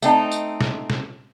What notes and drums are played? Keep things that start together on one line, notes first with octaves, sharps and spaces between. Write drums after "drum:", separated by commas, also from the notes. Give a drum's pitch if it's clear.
A3 C4 D#4, drum: tambourine
drum: tambourine
drum: snare
drum: snare